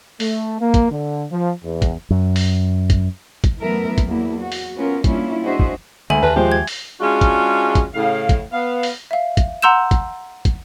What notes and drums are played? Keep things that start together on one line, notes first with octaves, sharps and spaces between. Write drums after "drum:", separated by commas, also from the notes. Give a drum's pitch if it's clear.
A3, drum: open hi-hat
A#3
drum: kick, hi-hat
D3
F3
E2
drum: kick, hi-hat
F#2
drum: open hi-hat
drum: kick, hi-hat
drum: kick, hi-hat
F#2 E3 A3 B3 A#4 E5
drum: kick, hi-hat
E2 F#3 A#3 E4
F#4
drum: open hi-hat
B3 C#4 F4 A#4
G3 A#3 C#4 D4 E4 F4, drum: kick, hi-hat
D4 F#4 G#4 C5 D#5 E5
drum: kick
D2 D3 E3 G#3 E5 G#5 F#7
D#2 B4 A5
F3 G#3 G4 C5
G#6
drum: open hi-hat
G#3 C#4 D4 F4 F#4 G#4
drum: kick, hi-hat
drum: kick, hi-hat
A2 C#3 F5
drum: kick, hi-hat
B3 F5
drum: open hi-hat
E5 F5
drum: kick, hi-hat
F#5 A#5 C6 E6 G6 E7
drum: kick, hi-hat
drum: kick, hi-hat